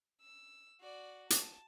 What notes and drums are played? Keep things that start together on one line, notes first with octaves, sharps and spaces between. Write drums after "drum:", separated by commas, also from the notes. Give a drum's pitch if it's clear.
E6
F#4 D5
A5, drum: hi-hat